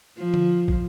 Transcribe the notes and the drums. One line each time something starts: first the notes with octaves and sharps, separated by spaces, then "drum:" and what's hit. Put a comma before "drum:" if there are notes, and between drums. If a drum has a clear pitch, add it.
F3
drum: tom D3
drum: kick